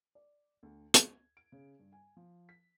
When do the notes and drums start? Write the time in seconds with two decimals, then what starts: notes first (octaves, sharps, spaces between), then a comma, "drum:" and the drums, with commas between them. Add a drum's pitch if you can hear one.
0.15 D5
0.63 D2
0.94 G#6, drum: hi-hat
1.37 D7
1.52 C#3
1.79 G2
1.92 G#5
2.17 F3
2.49 B6